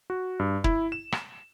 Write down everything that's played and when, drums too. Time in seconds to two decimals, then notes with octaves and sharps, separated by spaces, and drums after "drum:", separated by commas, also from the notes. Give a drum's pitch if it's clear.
0.10 F#4
0.39 G2
0.64 E4, drum: kick
0.92 E7
1.12 drum: rim click